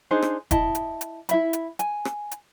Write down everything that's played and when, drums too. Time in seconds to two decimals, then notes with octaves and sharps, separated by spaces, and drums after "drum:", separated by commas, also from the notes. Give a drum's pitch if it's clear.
0.11 D4 D#4 G#4 C5
0.22 drum: rim click
0.51 E4 D#5 A5, drum: kick E1, hi-hat
0.75 drum: hi-hat
1.01 drum: hi-hat
1.29 E4 E5 B5, drum: hi-hat
1.53 drum: hi-hat
1.79 G#5, drum: hi-hat
2.05 drum: rim click
2.31 drum: hi-hat